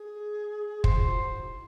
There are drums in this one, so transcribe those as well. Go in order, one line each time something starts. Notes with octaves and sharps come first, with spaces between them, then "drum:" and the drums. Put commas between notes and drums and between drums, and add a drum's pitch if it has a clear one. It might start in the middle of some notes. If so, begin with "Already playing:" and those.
Already playing: G#4
C5, drum: kick
F4
F#4
E4
D#4
E4